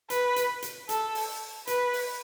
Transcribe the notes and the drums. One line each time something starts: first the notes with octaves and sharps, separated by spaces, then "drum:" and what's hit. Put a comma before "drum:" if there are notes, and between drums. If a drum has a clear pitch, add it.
B4, drum: hi-hat
drum: hi-hat
drum: hi-hat
A4, drum: hi-hat
drum: open hi-hat
B4, drum: hi-hat
drum: open hi-hat